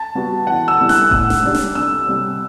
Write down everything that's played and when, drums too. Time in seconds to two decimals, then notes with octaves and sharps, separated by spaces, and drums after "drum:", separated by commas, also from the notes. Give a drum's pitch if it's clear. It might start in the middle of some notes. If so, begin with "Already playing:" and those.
Already playing: A5
0.15 G3 B3 F#4
0.47 E3 F#5
0.68 E6
0.80 G3 B3 E4
0.89 F#6, drum: snare
1.11 A2 E6, drum: kick E1
1.30 drum: snare
1.44 G3 D4 G4
1.55 drum: snare
1.75 C2 E6
2.07 C3 G3